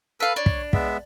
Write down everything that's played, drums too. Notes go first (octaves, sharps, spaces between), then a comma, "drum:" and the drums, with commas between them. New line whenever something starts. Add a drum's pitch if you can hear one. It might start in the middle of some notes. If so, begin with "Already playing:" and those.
A4 B4 F5
D4 C#5
drum: kick
G#3 B3 E5, drum: kick